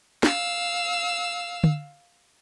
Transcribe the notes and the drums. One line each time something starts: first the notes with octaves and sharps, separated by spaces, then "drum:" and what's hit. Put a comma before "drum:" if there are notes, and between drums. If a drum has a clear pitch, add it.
F5 E6, drum: snare
drum: tom D3